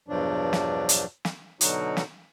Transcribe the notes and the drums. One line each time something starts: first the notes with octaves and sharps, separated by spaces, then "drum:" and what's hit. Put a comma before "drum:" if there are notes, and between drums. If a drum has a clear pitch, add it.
E2 G2 B2 F3 F#3 D4
drum: snare
drum: hi-hat
drum: snare
B2 D3 F#3 D#4 F#4, drum: hi-hat
drum: snare